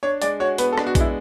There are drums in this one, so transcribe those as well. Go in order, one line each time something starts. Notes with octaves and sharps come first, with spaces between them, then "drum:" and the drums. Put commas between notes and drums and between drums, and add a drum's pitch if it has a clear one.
D4 C#5
G#3 D5, drum: hi-hat
F#4 C#5
B3 B4, drum: hi-hat
A4
D4, drum: rim click
F#4
G#3, drum: kick A#1, hi-hat
E4